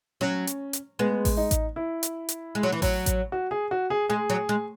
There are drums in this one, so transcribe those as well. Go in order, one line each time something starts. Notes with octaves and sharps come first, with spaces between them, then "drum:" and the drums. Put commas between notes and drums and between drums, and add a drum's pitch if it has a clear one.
F#3 C#4
drum: hi-hat
drum: hi-hat
G#3 B3
drum: kick A1, open hi-hat
D#4
drum: kick A1, hi-hat
E4
drum: hi-hat
drum: hi-hat
G#3
F#3
E3
F#3, drum: kick A1, open hi-hat
drum: kick A1, hi-hat
F#4
G#4
F#4
G#4
G#3 G#4
F#3
G#3